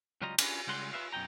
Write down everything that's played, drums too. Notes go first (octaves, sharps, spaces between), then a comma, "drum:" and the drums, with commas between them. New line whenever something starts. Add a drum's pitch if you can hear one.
C#2 F#3 G3 F4 D#5 A#5
C#4 D4 F4 F#4 G#4 B4, drum: cymbal
C#3 G3 G#3 F#5 C6
F4 B4 E5 F5
F#2 B2 D#4 G5 A#5